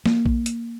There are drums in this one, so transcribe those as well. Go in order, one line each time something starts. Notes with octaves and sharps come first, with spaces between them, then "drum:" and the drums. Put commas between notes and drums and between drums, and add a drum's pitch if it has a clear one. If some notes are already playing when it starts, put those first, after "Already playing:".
A#3, drum: snare
drum: kick A#1
drum: hi-hat